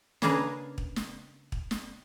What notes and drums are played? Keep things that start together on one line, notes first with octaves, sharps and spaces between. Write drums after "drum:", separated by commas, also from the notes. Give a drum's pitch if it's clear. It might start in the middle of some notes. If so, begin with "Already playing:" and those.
C#3 A#3 D4 G#4 A#4 B4, drum: snare
drum: kick
drum: snare
drum: kick
drum: snare